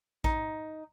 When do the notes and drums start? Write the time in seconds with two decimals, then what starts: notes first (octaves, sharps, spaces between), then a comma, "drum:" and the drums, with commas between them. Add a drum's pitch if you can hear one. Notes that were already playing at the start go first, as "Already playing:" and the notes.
0.24 D#4, drum: kick A#1